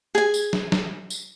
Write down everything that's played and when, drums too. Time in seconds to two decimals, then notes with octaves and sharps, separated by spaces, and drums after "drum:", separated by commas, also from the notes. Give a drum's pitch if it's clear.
0.15 G#4 G#5
0.34 drum: tambourine
0.53 drum: snare
0.72 drum: snare
1.10 drum: tambourine